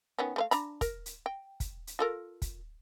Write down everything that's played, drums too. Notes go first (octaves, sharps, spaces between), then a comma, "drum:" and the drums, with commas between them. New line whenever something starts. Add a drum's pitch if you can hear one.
D#3 B3 C#4
A3 B4 F5
D4 A#5 B5, drum: hi-hat
A#4, drum: kick, hi-hat
drum: hi-hat
G5
drum: kick, hi-hat
drum: hi-hat
F4 A4 A#4
drum: kick, hi-hat